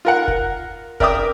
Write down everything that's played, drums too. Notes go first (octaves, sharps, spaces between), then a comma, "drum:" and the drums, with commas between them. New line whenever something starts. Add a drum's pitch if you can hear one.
F4 A#4 F#5
drum: kick
A#4 D5 E5 G5 D6 D#6, drum: kick